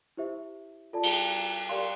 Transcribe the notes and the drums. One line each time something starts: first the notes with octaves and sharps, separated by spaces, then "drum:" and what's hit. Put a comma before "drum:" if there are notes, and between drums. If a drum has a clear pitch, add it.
E4 G4 C5 E5
F4 A4 D5 A5
drum: cymbal
G4 A#4 D5 F5 C6